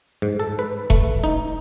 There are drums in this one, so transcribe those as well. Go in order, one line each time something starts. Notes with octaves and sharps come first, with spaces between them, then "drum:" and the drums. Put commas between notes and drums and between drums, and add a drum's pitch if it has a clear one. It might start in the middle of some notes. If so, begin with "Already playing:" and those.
G#2
A4
B4
A3, drum: kick E1
D#4